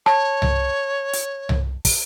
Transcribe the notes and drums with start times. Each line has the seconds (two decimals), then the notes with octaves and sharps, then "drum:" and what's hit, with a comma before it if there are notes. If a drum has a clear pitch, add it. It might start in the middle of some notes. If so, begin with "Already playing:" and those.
0.06 C#5 A5, drum: rim click
0.42 drum: tom C2
1.13 drum: hi-hat
1.49 drum: tom C2
1.85 drum: kick, open hi-hat